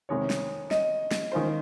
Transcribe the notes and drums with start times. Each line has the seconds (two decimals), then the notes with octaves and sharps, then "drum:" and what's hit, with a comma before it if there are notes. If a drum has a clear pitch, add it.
0.09 F2 C3 D#3 G#3 C#5
0.30 drum: snare
0.71 D#5, drum: snare
1.11 drum: snare
1.32 D#3 G#3 C#4 F4 C5